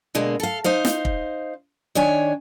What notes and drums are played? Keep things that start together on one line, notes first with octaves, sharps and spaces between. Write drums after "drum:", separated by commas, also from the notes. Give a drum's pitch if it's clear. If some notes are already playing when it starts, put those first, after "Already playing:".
B2 D3 G#3 A#3
A4 F5
D#4 C5 F5
drum: snare
drum: kick
D#3 D4 C#5 G#5